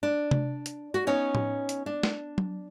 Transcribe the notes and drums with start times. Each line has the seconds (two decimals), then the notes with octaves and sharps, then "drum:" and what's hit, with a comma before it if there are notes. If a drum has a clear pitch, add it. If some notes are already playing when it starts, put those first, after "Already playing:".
0.03 D4
0.31 drum: tom C3
0.66 drum: hi-hat
0.94 F#4
1.07 B3 C#4 D#4 C#5
1.35 drum: tom A2
1.69 drum: hi-hat
1.86 D4
2.03 drum: snare
2.38 drum: tom F#3